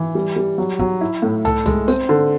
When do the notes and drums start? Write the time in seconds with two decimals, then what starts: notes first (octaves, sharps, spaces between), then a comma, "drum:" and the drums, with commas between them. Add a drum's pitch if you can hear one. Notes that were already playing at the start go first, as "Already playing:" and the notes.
Already playing: E3
0.15 G3
0.36 G3
0.58 F#3
0.79 F#3, drum: kick
1.01 E4
1.22 A2
1.45 A4, drum: tom
1.66 G#3, drum: tom
1.88 C4, drum: hi-hat
2.09 D3